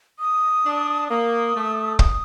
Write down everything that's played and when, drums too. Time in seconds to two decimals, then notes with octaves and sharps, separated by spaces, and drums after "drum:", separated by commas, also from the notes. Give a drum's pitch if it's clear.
0.19 D#6
0.65 D4
1.09 A#3 D#6
1.55 A3
1.99 D#6, drum: kick